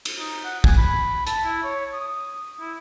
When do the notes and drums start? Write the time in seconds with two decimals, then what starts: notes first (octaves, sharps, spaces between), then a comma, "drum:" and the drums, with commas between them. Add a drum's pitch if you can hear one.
0.05 drum: cymbal
0.19 D#4
0.45 F#5
0.64 G#5, drum: kick
0.77 B5
1.27 A5, drum: hi-hat
1.45 E4
1.63 C#5
1.94 D#6
2.60 E4